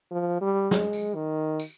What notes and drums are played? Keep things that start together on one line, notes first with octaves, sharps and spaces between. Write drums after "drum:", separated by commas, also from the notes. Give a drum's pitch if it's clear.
F3
G3
G#3, drum: snare
drum: tambourine
D#3
drum: tambourine